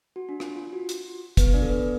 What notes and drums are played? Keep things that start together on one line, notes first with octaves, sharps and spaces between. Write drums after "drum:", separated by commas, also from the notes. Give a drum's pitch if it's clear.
F#4
D4
F4, drum: rim click
F4
F#4
drum: hi-hat
B3 B4, drum: kick, hi-hat
D4 D5
A4
B3 B4